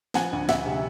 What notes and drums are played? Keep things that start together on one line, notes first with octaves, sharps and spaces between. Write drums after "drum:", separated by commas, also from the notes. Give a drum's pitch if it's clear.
F3 F#5 G#5, drum: snare
D2
D2 E5 F#5, drum: snare
C3